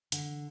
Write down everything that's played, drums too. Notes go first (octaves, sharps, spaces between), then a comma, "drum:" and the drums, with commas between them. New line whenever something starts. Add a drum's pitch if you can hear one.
D3, drum: hi-hat